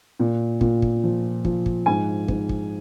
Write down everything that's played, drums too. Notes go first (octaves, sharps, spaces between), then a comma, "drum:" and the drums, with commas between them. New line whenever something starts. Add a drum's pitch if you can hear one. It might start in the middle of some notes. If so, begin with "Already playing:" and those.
A#2
A#2, drum: kick
drum: kick
F3
F3, drum: kick
drum: kick
G#2 G#5
G#2, drum: kick
drum: kick